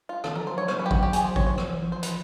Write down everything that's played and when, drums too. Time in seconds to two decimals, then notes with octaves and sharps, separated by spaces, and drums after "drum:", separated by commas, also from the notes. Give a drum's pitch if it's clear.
0.09 F4
0.24 D#3 A4, drum: rim click
0.35 F3 A#4
0.46 F#3 C5
0.57 F3 C#5
0.68 F#3 C5, drum: rim click
0.79 B4
0.86 G4
0.91 F#4, drum: kick
1.03 G4
1.13 G#4, drum: hi-hat
1.24 C5
1.36 C#5, drum: kick
1.47 C5
1.58 F3, drum: rim click
1.73 E3
1.87 F3 C5
2.03 B4, drum: hi-hat